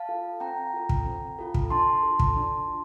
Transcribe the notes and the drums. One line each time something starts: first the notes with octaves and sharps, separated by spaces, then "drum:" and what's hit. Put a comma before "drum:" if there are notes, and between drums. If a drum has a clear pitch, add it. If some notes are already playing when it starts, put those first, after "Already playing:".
Already playing: F5 A5
F4 A4
C4 G5 A#5
F4 A4
drum: kick
C4
F4 A4
drum: kick
D4 A5 C6
F4 A4
drum: kick
D4
F4